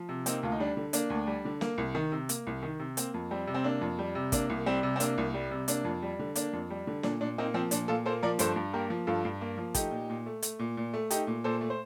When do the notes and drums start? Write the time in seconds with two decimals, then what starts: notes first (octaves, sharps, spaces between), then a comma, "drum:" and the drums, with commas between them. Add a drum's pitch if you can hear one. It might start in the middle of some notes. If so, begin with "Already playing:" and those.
Already playing: F3
0.09 C3
0.26 A#3 C4 D#4, drum: hi-hat
0.43 D2 F4
0.52 D#4
0.60 G3 D4
0.77 D3
0.93 A#3 D4, drum: hi-hat
1.10 D2
1.27 G3
1.45 D3
1.61 A#3, drum: snare
1.78 C2
1.95 D#3
2.12 C3
2.29 A#3, drum: hi-hat
2.47 C2
2.63 D#3
2.80 C3
2.97 A#3 C4, drum: hi-hat
3.14 F2
3.31 G3 C4
3.47 C3
3.54 C4
3.64 A#3 D4
3.81 F2
3.99 G3
4.15 C3
4.32 A#3 D4, drum: kick, hi-hat
4.50 C2
4.66 G3 C4
4.83 C3
4.96 C4
5.00 A#3 D4, drum: hi-hat
5.18 C2
5.34 G3
5.51 C3
5.68 A#3 D4, drum: hi-hat
5.85 F2
6.02 G3
6.19 D3
6.35 A#3 D4, drum: hi-hat
6.53 F2
6.70 G3
6.87 D3
7.03 A#2 D4, drum: snare
7.21 A#2 D4
7.38 A#3 C4 D#4
7.54 F3 C4
7.71 A#2 D4, drum: hi-hat
7.88 A#2 F4 A4
8.06 A#3 A4 C5
8.23 F3 A#4 D5
8.39 G2 A4 C5, drum: hi-hat
8.56 G2
8.74 A#3 G4 A#4
8.90 F3
9.07 G2 F4 A4
9.25 G2
9.41 A#3
9.58 F3
9.74 A3 D#4 G4, drum: kick, hi-hat
9.91 A#2
10.10 A#2
10.26 A3
10.42 A3, drum: hi-hat
10.59 A#2
10.77 A#2
10.94 A3
11.11 A3 D#4 G4, drum: hi-hat
11.27 A#2
11.44 A#2 A4 C5
11.61 A3
11.70 C5